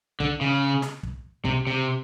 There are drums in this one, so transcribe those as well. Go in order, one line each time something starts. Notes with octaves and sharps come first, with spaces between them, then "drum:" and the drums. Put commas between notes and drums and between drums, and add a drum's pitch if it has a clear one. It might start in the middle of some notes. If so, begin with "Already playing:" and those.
D3, drum: kick
C#3
drum: snare
drum: kick
C3, drum: kick
C3